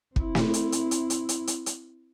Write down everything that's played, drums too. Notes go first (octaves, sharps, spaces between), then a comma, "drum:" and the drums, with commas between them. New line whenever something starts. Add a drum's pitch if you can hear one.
C4 E4, drum: kick
drum: snare
drum: hi-hat
drum: hi-hat
drum: hi-hat
drum: hi-hat
drum: hi-hat
drum: hi-hat
drum: hi-hat